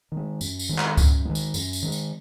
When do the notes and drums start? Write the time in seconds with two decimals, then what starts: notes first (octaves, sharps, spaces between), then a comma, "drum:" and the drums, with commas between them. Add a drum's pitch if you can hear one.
0.12 D#3 G#3
0.41 F#2, drum: tambourine
0.59 drum: tambourine
0.69 D#3 G#3
0.78 drum: clap
0.97 F#2, drum: kick C#2, tambourine
1.25 D#3 G#3
1.35 drum: tambourine
1.54 F#2, drum: tambourine
1.73 drum: tambourine
1.82 D#3 G#3
1.92 drum: tambourine